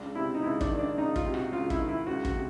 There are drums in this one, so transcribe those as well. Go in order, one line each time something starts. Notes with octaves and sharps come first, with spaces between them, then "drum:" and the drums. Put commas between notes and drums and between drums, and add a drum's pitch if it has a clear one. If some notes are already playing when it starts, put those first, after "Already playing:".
Already playing: C#2 D4
C3 E4
D#4
C#2 E4
D4, drum: kick
D#3
D4
C#2 D#4
F4, drum: kick
C3
F#4, drum: rim click
C#2 F4
E4, drum: kick
D#3
E4
C#2 F#4
F#4, drum: kick
C3